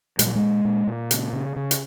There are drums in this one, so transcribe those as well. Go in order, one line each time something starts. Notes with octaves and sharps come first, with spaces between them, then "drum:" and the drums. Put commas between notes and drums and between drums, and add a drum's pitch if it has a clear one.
A#2 G#3, drum: hi-hat
F#3
G#3
A#2
A#2
A#2
C#3, drum: hi-hat
C#3
C#3
drum: hi-hat